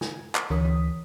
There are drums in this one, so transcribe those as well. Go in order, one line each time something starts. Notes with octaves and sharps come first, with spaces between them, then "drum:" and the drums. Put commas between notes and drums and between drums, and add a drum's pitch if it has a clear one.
G#5, drum: snare
drum: clap
D2 E3 A#4 C#5 D#6 B6, drum: tom
drum: tom